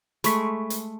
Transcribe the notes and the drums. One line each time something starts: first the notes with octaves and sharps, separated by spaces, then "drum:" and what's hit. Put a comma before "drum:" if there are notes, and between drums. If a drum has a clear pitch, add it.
G#3 A3 B5 C#6 B6, drum: hi-hat
drum: hi-hat